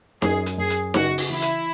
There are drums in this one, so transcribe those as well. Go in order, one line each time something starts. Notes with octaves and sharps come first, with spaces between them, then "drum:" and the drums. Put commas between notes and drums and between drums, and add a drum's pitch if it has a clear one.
F#2 G#4, drum: snare D#4
drum: hi-hat
F#2 G#4
drum: hi-hat
C#3 F#4, drum: snare D#4
drum: open hi-hat
E3 E4
drum: hi-hat